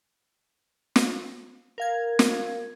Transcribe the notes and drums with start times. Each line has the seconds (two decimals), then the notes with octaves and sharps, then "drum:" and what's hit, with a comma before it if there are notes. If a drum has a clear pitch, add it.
0.96 drum: snare
1.78 A#4 F5 G#6
2.19 drum: snare